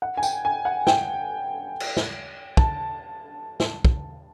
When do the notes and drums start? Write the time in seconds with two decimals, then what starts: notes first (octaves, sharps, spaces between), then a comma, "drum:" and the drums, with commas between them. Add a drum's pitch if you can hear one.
0.02 F#5
0.17 G#5
0.23 G5, drum: tambourine
0.45 G#5
0.65 F#5
0.87 G5, drum: snare
1.80 drum: cymbal
1.97 drum: snare
2.57 A5, drum: kick
3.60 drum: snare
3.85 drum: kick